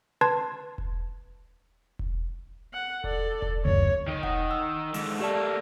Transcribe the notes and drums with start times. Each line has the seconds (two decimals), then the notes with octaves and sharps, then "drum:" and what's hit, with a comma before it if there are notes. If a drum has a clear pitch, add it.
0.21 B4 A5 C6 G#6
0.78 drum: kick E1
1.99 drum: kick E1
2.73 F#5
3.04 A4 D5, drum: kick E1
3.42 drum: kick E1
3.65 F#1 D2 C#5
4.08 D#3 D#5
4.23 F#5, drum: kick E1
4.51 E6
4.94 G#2 D3, drum: open hi-hat
5.20 A3 A#3 G4 D5 A5